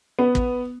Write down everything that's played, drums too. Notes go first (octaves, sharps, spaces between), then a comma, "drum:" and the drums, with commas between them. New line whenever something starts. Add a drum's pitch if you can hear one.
B3
drum: kick